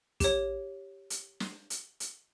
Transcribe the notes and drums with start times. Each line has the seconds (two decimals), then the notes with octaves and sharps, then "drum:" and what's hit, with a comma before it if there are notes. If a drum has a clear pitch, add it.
0.20 G4 C#5, drum: kick, hi-hat
1.10 drum: hi-hat
1.40 drum: snare
1.70 drum: hi-hat
2.00 drum: hi-hat